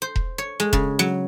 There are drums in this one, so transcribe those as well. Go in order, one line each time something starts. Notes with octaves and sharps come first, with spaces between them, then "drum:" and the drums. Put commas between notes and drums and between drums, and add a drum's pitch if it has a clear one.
C5
drum: kick E1
C#5
G#3
C#3, drum: kick E1
F#3